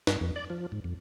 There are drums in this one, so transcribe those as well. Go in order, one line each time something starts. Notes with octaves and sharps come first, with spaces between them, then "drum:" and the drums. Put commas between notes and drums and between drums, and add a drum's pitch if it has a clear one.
G2, drum: snare
F2
D5
F3
G#2
F2